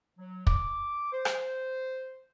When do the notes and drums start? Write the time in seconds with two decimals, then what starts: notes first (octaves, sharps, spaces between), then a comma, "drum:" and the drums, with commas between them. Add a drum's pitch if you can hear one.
0.18 F#3
0.47 D6, drum: kick
1.12 C5
1.25 drum: rim click